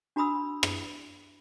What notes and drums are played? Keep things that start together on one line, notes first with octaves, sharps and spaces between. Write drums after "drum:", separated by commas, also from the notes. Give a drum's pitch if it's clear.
D4 F#4 A#5 B5 D#6 E6
drum: rim click